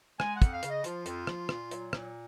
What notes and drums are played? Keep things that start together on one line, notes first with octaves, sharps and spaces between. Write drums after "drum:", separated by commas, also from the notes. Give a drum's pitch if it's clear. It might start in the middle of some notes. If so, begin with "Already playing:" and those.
G#3 G#5, drum: rim click
F#5
F2, drum: kick, hi-hat
F5
C#3, drum: hi-hat
D#5
F3 F4, drum: hi-hat
F2, drum: hi-hat
F3, drum: rim click
A#2, drum: rim click
F#3, drum: hi-hat
A#2, drum: rim click